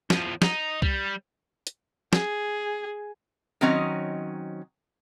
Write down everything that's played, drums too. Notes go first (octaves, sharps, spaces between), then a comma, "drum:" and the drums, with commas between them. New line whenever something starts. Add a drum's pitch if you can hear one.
E2 F3, drum: snare
D#5 A#5, drum: snare
G3, drum: kick C2
drum: hi-hat
G#4, drum: snare
D#3 F#3 C4 C#4 D#5 A#5